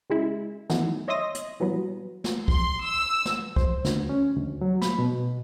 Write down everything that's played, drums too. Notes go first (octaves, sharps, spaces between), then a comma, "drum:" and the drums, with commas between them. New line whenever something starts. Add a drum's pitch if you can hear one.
C#3 G#3 E4
F2 D#3 E3 F#3 A3 B3, drum: snare
C#5 D#5 E5 C6 D#6 A#6
drum: hi-hat
A#2 E3 F#3 G3 B3
drum: snare
C6, drum: kick
E6
drum: snare
C5, drum: kick
D2, drum: snare
C#4
D2
F#3
B5, drum: snare
B2